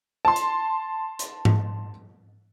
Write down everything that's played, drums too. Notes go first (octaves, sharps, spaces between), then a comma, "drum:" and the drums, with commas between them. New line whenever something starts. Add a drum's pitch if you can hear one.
A5 C6
drum: hi-hat
drum: hi-hat
drum: tom G#2